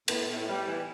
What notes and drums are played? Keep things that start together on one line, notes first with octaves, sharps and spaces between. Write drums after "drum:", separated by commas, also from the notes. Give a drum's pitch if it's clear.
A2 B3, drum: cymbal
A2
G3
E3